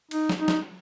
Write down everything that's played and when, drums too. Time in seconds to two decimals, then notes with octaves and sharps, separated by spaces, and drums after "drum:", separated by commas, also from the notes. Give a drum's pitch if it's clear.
0.11 D#4, drum: cymbal
0.29 drum: snare
0.39 D#4
0.48 drum: snare